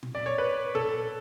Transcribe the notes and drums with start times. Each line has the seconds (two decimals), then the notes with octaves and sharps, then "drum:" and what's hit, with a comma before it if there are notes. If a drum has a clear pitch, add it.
0.03 drum: tom A#2
0.15 D5
0.26 C#5
0.38 B4
0.75 A4, drum: tom A#2